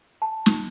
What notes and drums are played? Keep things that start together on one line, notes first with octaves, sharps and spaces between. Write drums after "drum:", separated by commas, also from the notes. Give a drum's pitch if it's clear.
A5
drum: snare